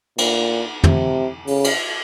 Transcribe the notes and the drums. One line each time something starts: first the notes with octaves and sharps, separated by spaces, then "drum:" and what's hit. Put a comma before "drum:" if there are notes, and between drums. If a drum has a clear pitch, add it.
A#2, drum: cymbal
C3, drum: tom
C#3, drum: open hi-hat
drum: cymbal